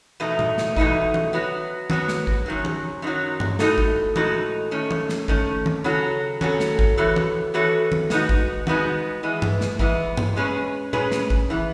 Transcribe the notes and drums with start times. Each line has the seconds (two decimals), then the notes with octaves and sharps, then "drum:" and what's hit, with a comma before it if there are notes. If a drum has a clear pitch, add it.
0.20 E2 B2 A3 D#4
0.39 drum: tom A#2
0.58 drum: snare
0.76 E2 B2 A3 D#4, drum: kick G#1
1.14 drum: tom
1.33 F#3 B3 F#4
1.90 F#3 B3 F#4, drum: tom D#3
2.08 drum: snare
2.27 drum: kick G#1
2.46 F#2 D#3 F#3
2.65 drum: tom
3.02 F#2 D#3 F#3
3.40 drum: tom G2
3.59 A2 G#3 D#4 F#4 A4, drum: snare
3.78 drum: kick G#1
4.16 A2 G#3 D#4 F#4 A4, drum: tom
4.71 D#3 A3 C#4
4.91 drum: tom
5.09 drum: snare
5.28 D#3 A3 C#4, drum: kick G#1
5.66 drum: tom D#3
5.84 C#3 F#3 C#4 F#4 A4
6.41 C#3 F#3 C#4 F#4 A4, drum: tom D#3
6.60 drum: snare
6.79 drum: kick G#1
6.97 E3 B3 F#4 A4 C#5
7.16 drum: tom
7.54 E3 B3 F#4 A4 C#5
7.92 drum: tom D#3
8.10 G#3 B3 D#4 F#4, drum: snare
8.29 drum: kick G#1
8.67 G#3 B3 D#4 F#4, drum: tom D#3
9.23 E3 G#3 B3
9.42 drum: tom G2
9.61 drum: snare
9.79 E3 G#3 B3, drum: kick G#1
10.17 drum: tom G2
10.36 G#3 C#4 G#4 B4
10.93 G#3 C#4 G#4 B4, drum: tom A#2
11.12 drum: snare
11.30 drum: kick G#1
11.50 E3 B3